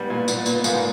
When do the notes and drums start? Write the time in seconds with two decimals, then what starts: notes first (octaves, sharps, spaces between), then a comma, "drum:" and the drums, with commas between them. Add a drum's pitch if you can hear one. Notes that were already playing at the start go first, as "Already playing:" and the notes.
Already playing: G#2 G3 B3
0.10 A#2
0.28 A#2 B3, drum: tambourine
0.46 A#2, drum: tambourine
0.54 B3
0.64 G#2 A#3, drum: tambourine